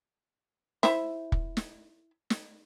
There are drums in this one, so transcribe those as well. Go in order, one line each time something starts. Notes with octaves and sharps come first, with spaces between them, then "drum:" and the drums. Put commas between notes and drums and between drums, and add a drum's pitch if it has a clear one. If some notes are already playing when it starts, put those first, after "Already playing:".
E4 C5 E5, drum: snare
drum: kick
drum: snare
drum: snare